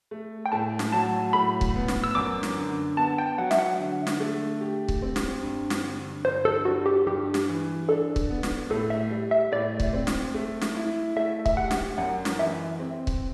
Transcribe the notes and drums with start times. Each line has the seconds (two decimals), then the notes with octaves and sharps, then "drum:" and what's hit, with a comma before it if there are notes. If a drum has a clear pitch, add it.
0.11 A3
0.46 G5
0.52 A2 A5
0.79 drum: snare
0.92 F#3 A5
1.33 A2 B5
1.61 drum: kick C#1
1.75 B3
1.88 drum: snare
2.04 E6
2.15 F#2 D6
2.43 drum: snare
2.57 D3
2.97 B3 A5
3.18 G5
3.38 F#3 F#5
3.51 E5, drum: snare
3.59 F#5
3.79 D3
4.07 drum: snare
4.20 A3
4.61 G4
4.88 drum: kick C#1
5.02 C4
5.16 drum: snare
5.43 G2
5.70 drum: snare
5.84 D3
6.25 G2 C5
6.45 A4
6.65 G3 F#4
6.86 G4
7.06 G2 G4
7.34 drum: snare
7.48 E3
7.88 D4 A4
8.16 drum: kick C#1
8.30 B3
8.43 drum: snare
8.70 A2 A4
8.90 E5
9.11 G3
9.31 E5
9.52 A2 D5
9.80 drum: kick C#1
9.93 C4
10.07 drum: snare
10.34 A3
10.61 drum: snare
10.75 E4
11.16 A3 E5
11.46 E5, drum: kick C#1
11.57 G4 F#5
11.71 drum: snare
11.98 F#2 F#5
12.25 drum: snare
12.38 E3 E5
12.80 C4
13.07 drum: kick C#1